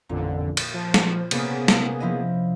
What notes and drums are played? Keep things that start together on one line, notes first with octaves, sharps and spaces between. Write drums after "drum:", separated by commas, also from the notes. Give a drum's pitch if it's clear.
A1 F2 A#2 D3
drum: cymbal
F3
drum: snare
C3 A#3 B3 C#4 G#4, drum: cymbal
drum: snare
F3 E4 D#5